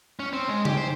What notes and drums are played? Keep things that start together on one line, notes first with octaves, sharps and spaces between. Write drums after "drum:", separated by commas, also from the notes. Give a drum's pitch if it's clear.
C#4
C4
G#3
G4, drum: tom C#3
C5